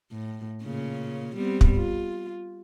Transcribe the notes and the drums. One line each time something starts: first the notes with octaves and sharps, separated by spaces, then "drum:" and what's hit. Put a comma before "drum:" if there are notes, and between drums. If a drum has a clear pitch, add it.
A2
A#2 C#3 C#4
G3 B3 C4
drum: kick
F4